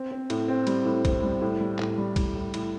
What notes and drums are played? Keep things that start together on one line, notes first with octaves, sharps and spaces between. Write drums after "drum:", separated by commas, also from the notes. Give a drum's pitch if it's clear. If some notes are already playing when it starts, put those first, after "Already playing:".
Already playing: C4
C4
A2, drum: cymbal
C4
G3, drum: cymbal
A2
C4, drum: kick B1, cymbal
G3
A2
G3
A2, drum: clap
G3
A2, drum: kick B1, cymbal
A2
A2, drum: cymbal